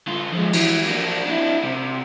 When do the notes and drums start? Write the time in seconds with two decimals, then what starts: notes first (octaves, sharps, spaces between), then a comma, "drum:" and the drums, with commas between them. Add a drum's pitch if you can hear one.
0.07 D3 F4
0.33 F3 G#3
0.53 E3, drum: cymbal
0.85 A#3 D4
1.27 D4 E4
1.64 C3